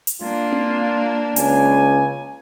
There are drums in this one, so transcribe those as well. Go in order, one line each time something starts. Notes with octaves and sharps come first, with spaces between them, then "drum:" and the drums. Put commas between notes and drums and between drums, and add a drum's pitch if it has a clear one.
drum: hi-hat
A#3 D4 F4
drum: tom C4
C#2 G#5, drum: hi-hat